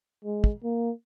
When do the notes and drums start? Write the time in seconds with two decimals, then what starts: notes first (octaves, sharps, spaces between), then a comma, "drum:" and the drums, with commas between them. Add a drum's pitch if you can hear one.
0.25 G#3
0.44 drum: kick
0.64 A#3